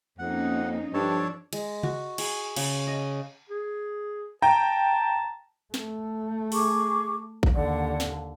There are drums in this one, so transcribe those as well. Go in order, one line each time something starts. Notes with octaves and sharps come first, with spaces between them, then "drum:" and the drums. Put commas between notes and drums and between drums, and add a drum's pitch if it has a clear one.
F2 A#3 C#4 D#4 F#5
G2 F3 D4 A4 C#5 A5
G#3, drum: cymbal
F#4, drum: tom C#3
G#4, drum: cymbal
C#3, drum: cymbal
D#5
G#4
G5 A5 A#5
A3, drum: snare
G#4 C#6 D6, drum: open hi-hat
drum: kick A1
D#2 D3 D5 F#5
drum: snare